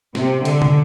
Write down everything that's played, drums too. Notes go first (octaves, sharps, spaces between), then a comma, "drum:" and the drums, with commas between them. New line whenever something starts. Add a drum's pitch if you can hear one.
C3, drum: snare
D3, drum: hi-hat
drum: tom